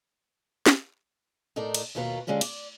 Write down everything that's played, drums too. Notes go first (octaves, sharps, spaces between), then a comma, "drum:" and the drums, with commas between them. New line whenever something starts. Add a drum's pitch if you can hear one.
drum: snare
A2 D#4 A4 A#4 D5
drum: cymbal
D#2 B2 F4 A#4 B4 C#5
D3 G#3 C#4 F4 G4
D5, drum: cymbal